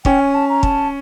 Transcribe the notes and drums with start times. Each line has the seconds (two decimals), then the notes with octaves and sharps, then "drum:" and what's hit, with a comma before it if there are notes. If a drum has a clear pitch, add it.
0.05 C#4 G5, drum: kick
0.20 G#5
0.34 A5
0.49 A#5
0.63 A5, drum: kick